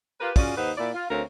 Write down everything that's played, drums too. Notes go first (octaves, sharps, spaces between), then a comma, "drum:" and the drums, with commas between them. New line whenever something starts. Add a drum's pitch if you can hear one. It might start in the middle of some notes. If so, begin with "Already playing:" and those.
F4 G4 A#4 B4
C#4 F4 F#4 G#4 D5, drum: kick, open hi-hat
D#2 D#4 B4 C5 F#5
A#2 E4 D5
F4
D2 C4 A#4 C#5 F5